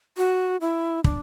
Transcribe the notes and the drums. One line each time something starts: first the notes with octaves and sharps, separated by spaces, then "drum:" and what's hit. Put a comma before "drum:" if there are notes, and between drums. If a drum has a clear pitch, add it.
F#4
E4
D4, drum: kick